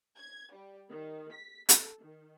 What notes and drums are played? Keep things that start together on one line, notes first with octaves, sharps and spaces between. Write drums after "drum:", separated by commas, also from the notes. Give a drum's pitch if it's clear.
G#6
G3
D#3
B6
A4, drum: hi-hat
D#3